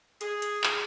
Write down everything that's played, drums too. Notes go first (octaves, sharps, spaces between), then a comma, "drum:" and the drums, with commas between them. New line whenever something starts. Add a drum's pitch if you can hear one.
G#4, drum: hi-hat
drum: hi-hat
drum: clap